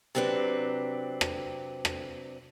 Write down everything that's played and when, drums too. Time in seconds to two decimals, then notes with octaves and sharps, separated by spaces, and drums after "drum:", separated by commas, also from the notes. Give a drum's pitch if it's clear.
0.15 C3 F#3 C4 D4 B4
1.21 drum: rim click
1.85 drum: rim click